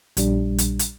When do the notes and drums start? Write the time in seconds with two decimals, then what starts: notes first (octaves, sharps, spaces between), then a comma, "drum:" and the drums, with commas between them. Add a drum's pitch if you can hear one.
0.17 A#1 G3 D4, drum: hi-hat
0.58 drum: hi-hat
0.79 drum: hi-hat